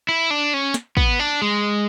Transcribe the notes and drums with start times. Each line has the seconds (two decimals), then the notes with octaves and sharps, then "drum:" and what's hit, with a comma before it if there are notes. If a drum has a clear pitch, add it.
0.09 E4
0.30 D4
0.54 C#4
0.74 drum: snare
0.97 B3, drum: kick
1.19 D4
1.42 G#3